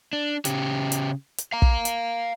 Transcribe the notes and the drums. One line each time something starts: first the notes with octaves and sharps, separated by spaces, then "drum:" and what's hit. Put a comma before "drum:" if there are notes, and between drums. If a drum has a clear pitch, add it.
D4
C#3 G4, drum: hi-hat
drum: hi-hat
drum: hi-hat
F5 A#5
drum: kick
drum: hi-hat